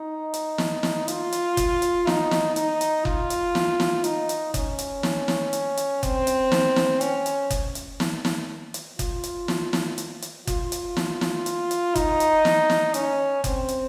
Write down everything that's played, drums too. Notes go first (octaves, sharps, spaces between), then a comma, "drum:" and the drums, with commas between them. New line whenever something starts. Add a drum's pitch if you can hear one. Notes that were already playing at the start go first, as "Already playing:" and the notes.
Already playing: D#4
drum: hi-hat
drum: snare
drum: snare
F4, drum: hi-hat
drum: hi-hat
drum: kick F#1, hi-hat
drum: hi-hat
D#4, drum: snare
drum: snare
D#4, drum: hi-hat
drum: hi-hat
F4, drum: kick F#1
drum: hi-hat
drum: snare
drum: snare
D#4, drum: hi-hat
drum: hi-hat
C#4, drum: kick F#1, hi-hat
drum: hi-hat
drum: snare
drum: snare
drum: hi-hat
drum: hi-hat
C4, drum: kick F#1, hi-hat
drum: hi-hat
drum: snare
drum: snare
C#4, drum: hi-hat
drum: hi-hat
drum: kick F#1, hi-hat
drum: hi-hat
drum: snare
drum: snare
drum: hi-hat
F4, drum: kick F#1, hi-hat
drum: hi-hat
drum: snare
drum: snare
drum: hi-hat
drum: hi-hat
F4, drum: kick F#1, hi-hat
drum: hi-hat
drum: snare
drum: snare
drum: hi-hat
drum: hi-hat
D#4, drum: kick F#1, hi-hat
drum: hi-hat
drum: snare
drum: snare
C#4, drum: hi-hat
C4, drum: kick F#1, hi-hat
drum: hi-hat